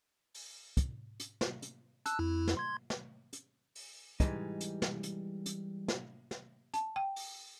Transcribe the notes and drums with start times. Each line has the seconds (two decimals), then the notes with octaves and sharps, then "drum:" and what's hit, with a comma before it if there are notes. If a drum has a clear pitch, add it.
0.34 drum: open hi-hat
0.77 drum: kick, hi-hat
1.20 drum: hi-hat
1.41 drum: snare
1.62 drum: hi-hat
2.06 A5 E6 F#6, drum: hi-hat
2.19 F2 E4
2.47 drum: snare
2.57 C6 G#6
2.90 drum: snare
3.33 drum: hi-hat
3.75 drum: open hi-hat
4.20 E3 G3 G#3 D#4, drum: kick, hi-hat
4.61 drum: hi-hat
4.82 drum: snare
5.03 drum: hi-hat
5.46 drum: hi-hat
5.88 drum: snare
6.31 drum: snare
6.74 A5, drum: hi-hat
6.96 G5
7.16 drum: open hi-hat